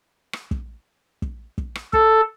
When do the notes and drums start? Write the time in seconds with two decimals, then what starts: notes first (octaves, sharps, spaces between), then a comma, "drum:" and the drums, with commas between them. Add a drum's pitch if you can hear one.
0.33 drum: rim click
0.51 drum: kick
1.22 drum: kick
1.58 drum: kick
1.75 drum: rim click
1.93 A4, drum: kick